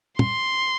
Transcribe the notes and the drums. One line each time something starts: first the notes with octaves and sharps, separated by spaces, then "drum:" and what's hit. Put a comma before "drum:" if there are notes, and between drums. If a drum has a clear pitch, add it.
C6, drum: tom